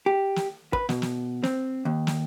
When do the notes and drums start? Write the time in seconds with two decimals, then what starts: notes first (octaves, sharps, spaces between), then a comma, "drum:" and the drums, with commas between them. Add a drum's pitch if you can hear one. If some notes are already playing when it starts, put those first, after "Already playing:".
0.06 G4
0.36 drum: snare
0.73 B4, drum: kick
0.89 B2, drum: snare
1.02 drum: snare
1.44 C4, drum: snare
1.85 D#2
2.07 drum: snare